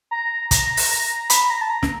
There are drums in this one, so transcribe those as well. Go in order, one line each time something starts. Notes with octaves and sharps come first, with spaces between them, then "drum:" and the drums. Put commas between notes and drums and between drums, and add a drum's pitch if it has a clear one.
A#5
A#5, drum: kick, hi-hat
drum: open hi-hat
A#5
B5, drum: hi-hat
A#5
A5
A#5
drum: snare